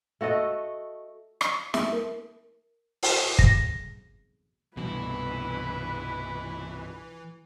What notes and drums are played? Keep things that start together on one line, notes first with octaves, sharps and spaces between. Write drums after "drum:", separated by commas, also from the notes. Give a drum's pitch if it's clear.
A3 F#4 A4 D#5
C7, drum: rim click
E5, drum: snare
A#4
drum: open hi-hat
A#6, drum: kick
C2 G2 B2 E3 E4 B4